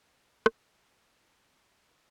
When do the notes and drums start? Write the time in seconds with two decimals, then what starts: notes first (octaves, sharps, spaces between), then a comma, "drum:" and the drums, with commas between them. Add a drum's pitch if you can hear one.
0.09 B5
0.46 F4, drum: rim click
1.06 C#4 G#4 F#5
1.72 E2 C#5 F#5